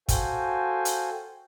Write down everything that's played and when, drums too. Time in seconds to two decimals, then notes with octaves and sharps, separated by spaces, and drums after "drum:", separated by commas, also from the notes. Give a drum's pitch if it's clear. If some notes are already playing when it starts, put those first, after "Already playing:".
0.08 F#4 A4 C5 F5 G5 G#5, drum: kick, hi-hat
0.85 drum: hi-hat